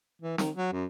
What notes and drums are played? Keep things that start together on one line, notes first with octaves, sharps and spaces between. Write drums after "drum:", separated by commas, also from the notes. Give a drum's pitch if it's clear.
E3
D#3, drum: snare
F#3
F#2